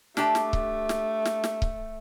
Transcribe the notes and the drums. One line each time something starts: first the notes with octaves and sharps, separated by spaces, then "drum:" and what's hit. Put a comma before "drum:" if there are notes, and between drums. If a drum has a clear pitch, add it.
A3 D4 G4 A5, drum: snare
drum: snare
drum: kick C#1
drum: snare
drum: snare
drum: snare
drum: kick C#1